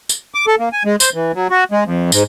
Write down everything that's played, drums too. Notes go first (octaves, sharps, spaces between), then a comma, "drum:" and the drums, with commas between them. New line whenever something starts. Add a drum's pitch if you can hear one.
drum: tambourine
D6
A4
A#3
G#5
G#3
C5, drum: tambourine
E3
F#3
F#4
G#3
F2
G#2, drum: tambourine